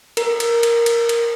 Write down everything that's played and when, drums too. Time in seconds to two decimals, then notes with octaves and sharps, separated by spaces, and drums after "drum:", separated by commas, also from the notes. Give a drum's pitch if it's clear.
0.17 A#4, drum: cymbal
0.40 drum: cymbal
0.63 drum: cymbal
0.86 drum: cymbal
1.09 drum: cymbal